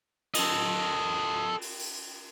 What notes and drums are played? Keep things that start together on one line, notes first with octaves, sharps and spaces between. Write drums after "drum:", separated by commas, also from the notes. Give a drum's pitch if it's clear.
A4 D#5, drum: cymbal
drum: open hi-hat
drum: open hi-hat